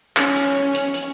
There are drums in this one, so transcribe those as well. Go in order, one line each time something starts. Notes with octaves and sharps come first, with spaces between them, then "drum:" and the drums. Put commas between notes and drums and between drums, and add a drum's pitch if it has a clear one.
C#4, drum: clap
drum: hi-hat
drum: hi-hat
drum: hi-hat